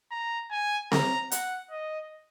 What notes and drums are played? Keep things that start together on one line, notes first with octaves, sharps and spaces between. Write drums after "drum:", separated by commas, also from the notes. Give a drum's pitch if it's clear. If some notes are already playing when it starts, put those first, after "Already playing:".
A#5
G#5
A#5, drum: snare C4
F#5, drum: hi-hat
D#5